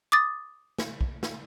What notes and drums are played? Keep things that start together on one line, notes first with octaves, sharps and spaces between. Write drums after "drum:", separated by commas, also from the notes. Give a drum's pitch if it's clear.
D6 D#6 A6
drum: snare
drum: kick
drum: snare